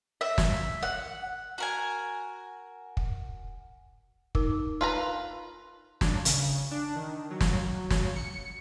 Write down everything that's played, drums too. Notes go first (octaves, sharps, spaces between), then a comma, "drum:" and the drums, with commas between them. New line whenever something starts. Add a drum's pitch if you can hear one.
E5
drum: snare
F#5
F#4 A#4 G#5
drum: kick
D#4 A#4 D6, drum: kick
F4 B4 A#5
D4, drum: snare
C#3, drum: hi-hat
D4
D#3
F#3
drum: snare
drum: snare
C#7